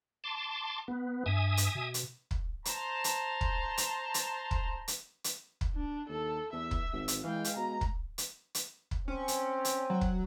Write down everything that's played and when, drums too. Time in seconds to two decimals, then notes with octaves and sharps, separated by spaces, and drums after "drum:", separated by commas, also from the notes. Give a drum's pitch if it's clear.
0.24 A5 C6 D6
0.88 B3
1.26 G2 E5 G#5 D#6
1.57 drum: hi-hat
1.75 B2
1.94 drum: hi-hat
2.31 drum: kick
2.65 C5 A5 A#5, drum: hi-hat
3.04 drum: hi-hat
3.41 drum: kick
3.78 drum: hi-hat
4.14 drum: hi-hat
4.51 drum: kick
4.88 drum: hi-hat
5.24 drum: hi-hat
5.61 drum: kick
5.75 D4
6.09 D#2 A4
6.53 E2 E5
6.71 drum: kick
6.93 G#1
7.08 drum: hi-hat
7.24 E3 G#3 F5 G5
7.44 drum: hi-hat
7.57 B2 A#5
7.81 drum: kick
8.18 drum: hi-hat
8.55 drum: hi-hat
8.91 drum: kick
9.08 C4 C#4
9.28 drum: hi-hat
9.65 drum: hi-hat
9.90 F#3
10.01 drum: kick